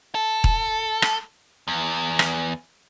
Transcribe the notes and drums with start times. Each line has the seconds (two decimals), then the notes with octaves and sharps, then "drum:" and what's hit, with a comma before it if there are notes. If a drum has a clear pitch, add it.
0.15 A4
0.44 drum: kick E1
1.02 drum: rim click
1.68 E2
2.19 drum: rim click